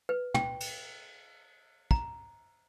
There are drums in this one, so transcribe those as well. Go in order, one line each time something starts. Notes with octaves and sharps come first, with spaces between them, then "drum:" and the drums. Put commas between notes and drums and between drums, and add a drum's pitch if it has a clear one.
B4
G5, drum: tom
drum: cymbal
A#5, drum: kick